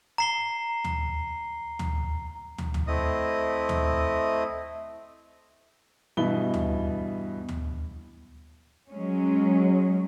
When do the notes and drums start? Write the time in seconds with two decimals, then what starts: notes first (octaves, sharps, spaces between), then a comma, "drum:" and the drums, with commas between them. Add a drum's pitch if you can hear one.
0.18 A#5 C7 G7
0.84 drum: tom
1.79 drum: tom
2.58 drum: tom
2.74 drum: tom
2.87 A3 C4 E4 D#5 D#6
3.69 drum: tom
6.17 G2 B2 E3 D#5 B5 G7
6.54 drum: tom
7.49 drum: tom
8.91 F#3 G#3 C#4